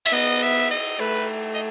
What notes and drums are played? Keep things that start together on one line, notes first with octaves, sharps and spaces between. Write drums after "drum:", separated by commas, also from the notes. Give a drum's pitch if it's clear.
E5, drum: cymbal
B3 D#5
E5
D#5
A3 B4
D#5